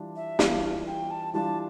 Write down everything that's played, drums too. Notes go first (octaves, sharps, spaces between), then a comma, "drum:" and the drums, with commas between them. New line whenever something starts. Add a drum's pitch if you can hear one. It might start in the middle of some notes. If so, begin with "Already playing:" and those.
Already playing: E3 G3 D4 F4
E5
E3 G3 D4 F4 F5, drum: snare
G5
A5
E3 G3 D4 F4 A5